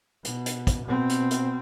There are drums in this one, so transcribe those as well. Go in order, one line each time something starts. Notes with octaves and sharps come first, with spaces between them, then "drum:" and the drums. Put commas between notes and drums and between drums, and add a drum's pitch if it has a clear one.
B2, drum: hi-hat
drum: hi-hat
drum: kick, hi-hat
B2 C4
drum: hi-hat
drum: hi-hat